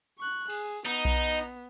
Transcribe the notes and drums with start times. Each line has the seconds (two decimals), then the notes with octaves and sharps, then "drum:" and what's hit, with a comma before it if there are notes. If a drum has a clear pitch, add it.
0.19 C#6 F#6
0.50 G#4, drum: cymbal
0.86 B3 D#4
1.05 drum: kick B1, cymbal